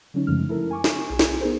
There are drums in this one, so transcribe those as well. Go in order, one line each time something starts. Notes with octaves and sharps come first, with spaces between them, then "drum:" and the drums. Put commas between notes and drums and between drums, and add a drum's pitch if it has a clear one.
D3 F#3 C#4 D#4
F#2 C#3 F3 G#3 A3 F6
E4 A4 A#4
G#5 C#6 D6
drum: snare
B1 G#4 G#5
drum: snare
B3 D#4 G#4 A#4 C5